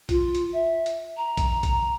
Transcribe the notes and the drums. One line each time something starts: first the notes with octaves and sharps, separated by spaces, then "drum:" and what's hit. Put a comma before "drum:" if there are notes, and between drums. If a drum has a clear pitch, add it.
F4, drum: kick, hi-hat
drum: hi-hat
E5
drum: hi-hat
A#5
drum: kick, hi-hat
drum: kick, hi-hat